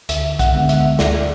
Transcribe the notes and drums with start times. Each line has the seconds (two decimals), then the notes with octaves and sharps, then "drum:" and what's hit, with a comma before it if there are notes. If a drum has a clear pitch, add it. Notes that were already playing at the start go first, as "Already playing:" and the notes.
0.09 D2 E5, drum: hi-hat
0.39 F#5, drum: kick, hi-hat
0.54 D3 G#3 B3
0.69 E5, drum: hi-hat
0.99 D2 D5, drum: snare